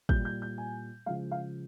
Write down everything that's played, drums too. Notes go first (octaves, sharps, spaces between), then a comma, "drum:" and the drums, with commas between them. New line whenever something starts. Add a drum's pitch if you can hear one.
A#2 G3 G6, drum: kick
G6
G6
G#5
C#3 F3 G#3 F5
F5